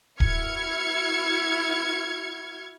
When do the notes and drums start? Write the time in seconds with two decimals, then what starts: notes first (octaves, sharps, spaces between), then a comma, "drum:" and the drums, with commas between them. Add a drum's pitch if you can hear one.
0.20 E4 F#4 F6 G#6 C#7, drum: kick D1